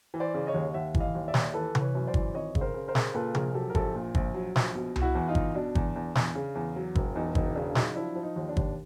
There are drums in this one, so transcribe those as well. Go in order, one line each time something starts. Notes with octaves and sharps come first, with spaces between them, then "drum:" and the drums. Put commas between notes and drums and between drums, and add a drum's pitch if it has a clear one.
E3
C5 D5
C#3
C#5 D#5
D#2
D#2 E5 F#5
E3, drum: kick G1
D#5 F5
D#2
D5 E5
D#2, drum: snare
E3 A4 B4
E3, drum: tom C3
B4 C#5
F#2
C5 D5
E3, drum: kick G1
G#1 C#5 D#5
C#3, drum: kick G1
A#4 C5
C#3
A#4 C5
C#3, drum: snare
A#2 A4 B4
A#1 G#4 A#4, drum: tom C3
F#3 G4 A4
A#4
A#1 G4 A4, drum: kick G1
A#2
A#1, drum: kick G1
F#3
A#1, drum: snare
B2
B2, drum: tom C2
E4 F#4
E2
D#4 F4
E2, drum: kick G1
B2 D4
E2, drum: kick G1
E2
E2, drum: snare
C#3
E2
F#3
E1, drum: kick G1
E2 D#4
E1 D#4, drum: kick G1
C#3 D4
F#3 D#4, drum: snare
F3 D4 E4
F3
D#4
D#2
D4
D#2, drum: kick G1